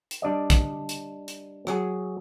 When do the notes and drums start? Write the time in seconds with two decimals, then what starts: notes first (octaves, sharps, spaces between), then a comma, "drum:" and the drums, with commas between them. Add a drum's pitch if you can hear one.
0.11 drum: hi-hat
0.22 G3 D4 D5 D#5
0.50 drum: kick, hi-hat
0.89 drum: hi-hat
1.28 drum: hi-hat
1.67 F#3 G#4, drum: rim click